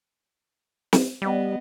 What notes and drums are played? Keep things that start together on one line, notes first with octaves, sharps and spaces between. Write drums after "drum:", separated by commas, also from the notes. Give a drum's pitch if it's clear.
drum: snare
G3 B3 D#5